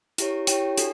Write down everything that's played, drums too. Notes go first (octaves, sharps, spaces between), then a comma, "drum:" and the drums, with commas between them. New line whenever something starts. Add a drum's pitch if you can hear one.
E4 G4 C#5, drum: hi-hat
E4 G4 C#5 G5, drum: hi-hat
D4 F#4 A4, drum: hi-hat